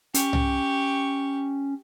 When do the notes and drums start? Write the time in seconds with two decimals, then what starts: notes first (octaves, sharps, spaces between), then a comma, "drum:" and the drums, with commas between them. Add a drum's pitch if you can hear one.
0.14 C#4 G4 C#6, drum: hi-hat
0.33 drum: tom C2